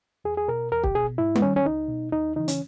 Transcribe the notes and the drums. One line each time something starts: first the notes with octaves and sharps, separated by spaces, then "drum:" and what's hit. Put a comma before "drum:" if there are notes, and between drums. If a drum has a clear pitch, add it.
E2 G#4
G#4
B2 A#4
E2 A#4
G4, drum: kick
B2 G#4
G#2 E4
B3, drum: tom G3
D#3 C#4
C#4
C#2 D#4
B2
D#2 D#4
C#3 E3 D#4
C#4, drum: hi-hat